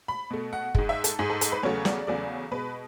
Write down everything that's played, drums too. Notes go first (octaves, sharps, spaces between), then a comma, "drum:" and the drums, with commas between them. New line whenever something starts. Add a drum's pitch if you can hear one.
B5
B2 A3
F#5
G#2 G#3, drum: kick F#1
E5
A4, drum: hi-hat
G#2 G#3 G#4
A4
A4, drum: hi-hat
B4
E2 C#3 F#3 A3 C#5
D5, drum: snare
E2 C#3 F#3 A3 D5
B2 G#3 B4